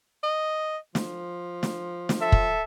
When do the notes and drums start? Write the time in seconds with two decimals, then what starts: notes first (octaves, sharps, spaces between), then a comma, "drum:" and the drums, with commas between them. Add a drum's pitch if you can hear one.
0.24 D#5
0.95 F3, drum: snare
1.63 drum: snare
2.09 drum: snare
2.21 A4 E5
2.32 drum: kick